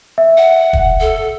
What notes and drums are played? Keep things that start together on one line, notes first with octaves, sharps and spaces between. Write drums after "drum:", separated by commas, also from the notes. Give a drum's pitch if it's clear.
E5
F#5
drum: kick
A4